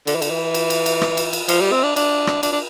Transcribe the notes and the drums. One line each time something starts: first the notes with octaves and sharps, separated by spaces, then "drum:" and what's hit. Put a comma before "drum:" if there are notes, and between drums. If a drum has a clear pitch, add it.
D3, drum: cymbal
E3
D3, drum: cymbal
E3
drum: cymbal
drum: cymbal
drum: cymbal
drum: rim click
drum: cymbal
drum: cymbal
F3, drum: cymbal
G3
C4
D4
D4, drum: cymbal
drum: rim click
D4, drum: cymbal
D4